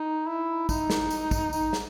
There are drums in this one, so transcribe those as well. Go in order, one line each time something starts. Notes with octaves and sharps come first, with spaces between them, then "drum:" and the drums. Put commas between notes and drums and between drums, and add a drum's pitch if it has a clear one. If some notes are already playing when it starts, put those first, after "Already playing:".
Already playing: D#4
E4
D#4, drum: kick, tambourine
drum: snare
drum: tambourine
drum: kick, tambourine
D#4, drum: tambourine
drum: snare